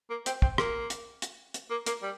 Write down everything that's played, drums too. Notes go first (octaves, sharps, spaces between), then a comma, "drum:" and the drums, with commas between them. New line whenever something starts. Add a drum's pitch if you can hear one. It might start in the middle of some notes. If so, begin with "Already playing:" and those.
A#3
C4, drum: hi-hat
C4, drum: kick
A#3, drum: rim click
drum: hi-hat
drum: hi-hat
drum: hi-hat
A#3
A#3, drum: hi-hat
G3